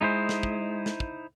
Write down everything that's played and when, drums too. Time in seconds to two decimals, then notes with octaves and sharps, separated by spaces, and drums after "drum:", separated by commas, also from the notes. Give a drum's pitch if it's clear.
0.01 G#3 D#4 E4 C5
0.29 drum: snare
0.43 drum: kick
0.86 drum: snare
1.00 drum: kick